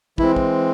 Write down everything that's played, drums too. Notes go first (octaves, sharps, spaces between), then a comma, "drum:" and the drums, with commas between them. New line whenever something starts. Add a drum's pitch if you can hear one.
E3 G#3 C4 E4, drum: kick
drum: kick